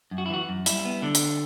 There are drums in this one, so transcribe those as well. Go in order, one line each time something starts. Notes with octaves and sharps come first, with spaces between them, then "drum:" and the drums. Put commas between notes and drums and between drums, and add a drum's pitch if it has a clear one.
F#2
F#4
E4
E3 F#4
F#2
G3 E4, drum: hi-hat
B3
D3 D4
drum: hi-hat